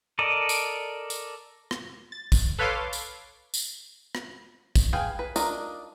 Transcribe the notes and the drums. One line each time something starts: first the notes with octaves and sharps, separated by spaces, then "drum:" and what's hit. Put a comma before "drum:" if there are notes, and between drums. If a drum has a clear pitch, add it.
A4 A#4 D5 D#5
drum: tambourine
drum: tambourine
drum: rim click
A6
drum: kick, tambourine
A4 B4 C#5 F5 C6 D6
drum: tambourine
drum: tambourine
drum: rim click
drum: kick, tambourine
G#4 B4 F5 G5 G#5
B4
D4 D#4 F4 A#4 D#5, drum: tambourine